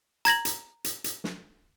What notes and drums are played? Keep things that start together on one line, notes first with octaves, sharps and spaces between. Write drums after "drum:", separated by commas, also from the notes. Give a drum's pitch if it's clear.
A#5 G#6 A#6 F#7, drum: hi-hat
drum: hi-hat
drum: hi-hat
drum: hi-hat
drum: snare